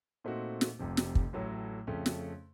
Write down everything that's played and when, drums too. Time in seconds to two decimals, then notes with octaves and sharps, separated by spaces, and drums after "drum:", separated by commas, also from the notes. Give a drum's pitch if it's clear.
0.24 A#2 A3 C4 D#4 F#4
0.61 drum: snare
0.79 F1 F2 C3
0.97 drum: snare
1.15 drum: kick
1.33 A1 A2 F#3 A3
1.87 F2 C#3 A3 C#4
2.06 drum: snare